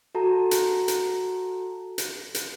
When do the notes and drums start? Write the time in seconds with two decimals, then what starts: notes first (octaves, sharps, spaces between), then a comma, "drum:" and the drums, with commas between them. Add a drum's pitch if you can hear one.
0.15 F#4 A4 A5 A#5
0.51 drum: hi-hat
0.88 drum: hi-hat
1.98 drum: hi-hat
2.35 drum: hi-hat